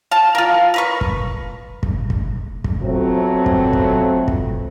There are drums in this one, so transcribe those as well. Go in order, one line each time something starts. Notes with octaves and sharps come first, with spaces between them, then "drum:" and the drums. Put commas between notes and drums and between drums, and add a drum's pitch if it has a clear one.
F5 A5
F4 A#4
A#4 B4 C#6
drum: kick
drum: kick
drum: kick
drum: kick
F2 F3 F#3 A3 B3 C4
drum: kick
drum: kick
drum: kick